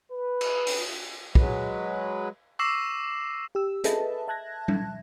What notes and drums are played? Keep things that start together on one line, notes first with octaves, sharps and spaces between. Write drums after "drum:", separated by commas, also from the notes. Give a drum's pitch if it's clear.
B4
drum: cymbal
drum: open hi-hat
F#3 G#3 B4, drum: kick
C#6 D6 E6 A#6 C7 E7
G4 E6
G#4 A4 B4 D#5 E5 A5, drum: hi-hat
E5 A5 F#6 G#6 A#6
drum: tom G3